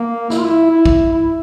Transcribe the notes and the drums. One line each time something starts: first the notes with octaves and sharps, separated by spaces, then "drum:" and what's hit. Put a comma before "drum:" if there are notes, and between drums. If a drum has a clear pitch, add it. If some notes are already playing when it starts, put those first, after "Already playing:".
Already playing: A#3
E4, drum: snare
F4
E4
E4
drum: kick
E4